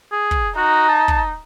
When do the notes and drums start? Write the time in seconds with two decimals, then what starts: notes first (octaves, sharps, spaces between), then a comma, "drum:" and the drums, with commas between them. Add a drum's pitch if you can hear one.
0.12 G#4
0.31 drum: kick
0.57 D#4 F#4
0.89 A5
1.08 drum: kick